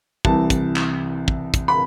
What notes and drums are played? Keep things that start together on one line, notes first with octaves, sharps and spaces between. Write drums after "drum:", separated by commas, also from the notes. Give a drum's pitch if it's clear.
C2 C3 E3 A5, drum: kick
drum: kick, hi-hat
drum: clap
drum: kick
drum: kick, hi-hat
B5